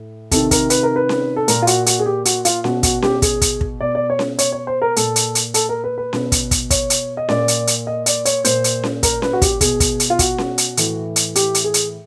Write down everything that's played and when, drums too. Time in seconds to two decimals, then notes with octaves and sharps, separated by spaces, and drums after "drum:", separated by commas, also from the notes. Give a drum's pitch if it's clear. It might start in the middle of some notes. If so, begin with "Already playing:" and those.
Already playing: A2
0.31 C3 D#3 A4, drum: kick, hi-hat
0.51 A#4, drum: kick, hi-hat
0.70 B4, drum: hi-hat
0.83 A#4
0.96 B4
1.09 drum: snare C#4
1.36 A4
1.48 A#2 A#4, drum: hi-hat
1.62 F4
1.67 F#4, drum: hi-hat
1.86 F#4, drum: hi-hat
1.99 G#4
2.06 G4
2.25 F#4, drum: hi-hat
2.45 F4, drum: hi-hat
2.64 B2 F#4, drum: snare C#4
2.83 F#4, drum: kick, hi-hat
3.02 G4, drum: snare C#4
3.22 G#4, drum: kick, hi-hat
3.42 drum: kick, hi-hat
3.61 drum: kick
3.80 B2 D5
3.95 D5
4.10 C#5
4.19 drum: snare C#4
4.39 C#5, drum: hi-hat
4.53 C#5
4.67 C5
4.82 A#4
4.96 A#2 A4, drum: hi-hat
5.16 drum: hi-hat
5.35 drum: hi-hat
5.54 A4, drum: hi-hat
5.69 A#4
5.84 B4
5.98 B4
6.13 B2, drum: snare C#4
6.32 drum: kick, hi-hat
6.51 drum: kick, hi-hat
6.70 C#5, drum: kick, hi-hat
6.90 drum: hi-hat
7.17 D#5
7.29 A#2 D5, drum: snare C#4
7.48 drum: hi-hat
7.67 drum: hi-hat
7.87 D#5
8.06 D5, drum: hi-hat
8.25 C#5, drum: hi-hat
8.45 A#2 C5, drum: hi-hat
8.64 drum: hi-hat
8.84 drum: snare C#4
9.03 A#4, drum: kick, hi-hat
9.22 B4, drum: snare C#4
9.33 F#4
9.42 G4, drum: kick, hi-hat
9.61 B2 G#4, drum: kick, hi-hat
9.80 drum: kick, hi-hat
10.00 drum: hi-hat
10.10 F4
10.19 F#4, drum: kick, hi-hat
10.38 drum: snare C#4
10.58 drum: hi-hat
10.77 A2 E3, drum: hi-hat
11.16 drum: hi-hat
11.35 G4, drum: hi-hat
11.55 drum: hi-hat
11.64 G#4
11.74 drum: hi-hat